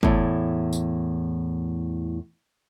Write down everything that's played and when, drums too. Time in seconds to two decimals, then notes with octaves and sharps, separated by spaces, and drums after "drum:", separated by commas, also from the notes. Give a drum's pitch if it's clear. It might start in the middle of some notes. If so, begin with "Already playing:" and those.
0.03 E2 A2, drum: kick
0.73 drum: tambourine